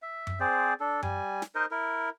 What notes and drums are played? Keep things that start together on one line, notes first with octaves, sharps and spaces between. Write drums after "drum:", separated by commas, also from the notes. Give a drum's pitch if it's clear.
E5
drum: tom F#2
C4 G#4 C5 D5
D4 A4
G3 G#5, drum: tom F#2
drum: snare
D#4 A#4 C5 D#5
E4 A#4